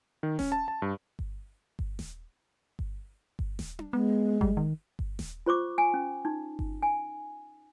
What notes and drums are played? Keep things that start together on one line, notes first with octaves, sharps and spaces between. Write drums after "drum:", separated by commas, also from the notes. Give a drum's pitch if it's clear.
D#3
C#4, drum: snare D#1
A5
A5
G2
drum: kick G1
drum: kick G1
drum: snare D#1
drum: kick G1
drum: kick G1
drum: snare D#1
drum: tom D4
G#3 B3
G3, drum: kick G1
D#3
drum: kick G1
drum: snare D#1
F4 C5 C#6 D6
G#5
C#4
D#4
drum: kick G1
G#5